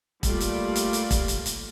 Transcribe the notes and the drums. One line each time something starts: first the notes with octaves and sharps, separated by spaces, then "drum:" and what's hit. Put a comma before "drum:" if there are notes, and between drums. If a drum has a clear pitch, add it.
G3 A3 A#3 F4 D5, drum: kick E1, hi-hat
drum: hi-hat
drum: hi-hat
drum: hi-hat
drum: kick E1, hi-hat
drum: hi-hat
drum: hi-hat